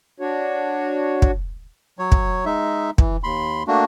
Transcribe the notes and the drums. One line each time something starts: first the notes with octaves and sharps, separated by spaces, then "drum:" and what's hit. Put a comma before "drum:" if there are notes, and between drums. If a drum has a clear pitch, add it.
D4 F#4 C#5
drum: kick
F#3 C#5
drum: kick
G#3 D#4 E5
E3, drum: kick
D#2 B5 C6
A3 A#3 D4 F#4